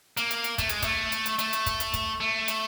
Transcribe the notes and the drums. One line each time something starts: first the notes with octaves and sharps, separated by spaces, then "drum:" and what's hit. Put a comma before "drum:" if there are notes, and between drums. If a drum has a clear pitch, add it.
A#3, drum: hi-hat
drum: hi-hat
drum: hi-hat
A3, drum: kick, hi-hat
G#3, drum: hi-hat
A3, drum: kick, hi-hat
drum: hi-hat
drum: hi-hat
A3, drum: hi-hat
drum: hi-hat
drum: kick, hi-hat
drum: hi-hat
drum: kick, hi-hat
A3
drum: hi-hat